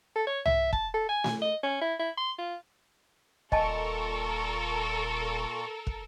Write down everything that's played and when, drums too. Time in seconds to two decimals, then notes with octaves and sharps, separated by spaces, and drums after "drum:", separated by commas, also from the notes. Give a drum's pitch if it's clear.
0.16 A4
0.27 C#5
0.46 E5, drum: tom C2
0.73 A5, drum: kick
0.94 A4
1.09 G#5
1.24 drum: snare A3
1.42 D#5
1.63 C#4
1.81 E4
1.99 E4
2.17 C6
2.39 F4
3.52 D#1 A#2 A4 A#4 D#5 G#5 A5 C#6, drum: kick
5.87 drum: kick